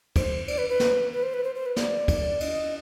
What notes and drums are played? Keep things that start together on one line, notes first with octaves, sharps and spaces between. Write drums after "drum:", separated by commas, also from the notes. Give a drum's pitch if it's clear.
C5, drum: kick, cymbal
D5, drum: cymbal
B4
B4
drum: snare
B4
C5
B4
C5
C5
B4
D5, drum: snare
drum: kick, cymbal
D#5, drum: cymbal